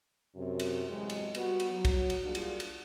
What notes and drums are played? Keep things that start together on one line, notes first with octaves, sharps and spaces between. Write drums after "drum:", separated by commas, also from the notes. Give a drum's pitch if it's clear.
F#2 C3
drum: cymbal
E2 A2 C3 F#3 G#3
drum: cymbal
G3 B3 F#4, drum: cymbal
drum: cymbal
F#3
drum: kick, cymbal
drum: cymbal
G3 A#3 D4 F4 F#4 G#4
drum: cymbal
drum: cymbal